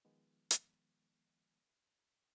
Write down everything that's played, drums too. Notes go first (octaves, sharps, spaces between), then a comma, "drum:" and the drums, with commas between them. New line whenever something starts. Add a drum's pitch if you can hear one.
D#3 F3 G#3 B3
drum: hi-hat